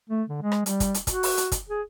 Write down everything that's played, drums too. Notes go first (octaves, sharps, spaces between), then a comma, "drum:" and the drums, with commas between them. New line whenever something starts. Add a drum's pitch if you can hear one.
A3
D3
G#3
drum: rim click
G3, drum: hi-hat
drum: kick, hi-hat
drum: hi-hat
F#4, drum: kick, hi-hat
drum: open hi-hat
drum: hi-hat
drum: kick, hi-hat
G#4